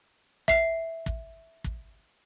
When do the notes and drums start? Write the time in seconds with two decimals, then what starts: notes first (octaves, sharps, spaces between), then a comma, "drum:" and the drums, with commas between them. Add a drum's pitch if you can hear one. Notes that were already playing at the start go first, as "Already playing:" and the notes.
0.48 E5 C7, drum: kick
1.06 drum: kick
1.64 drum: kick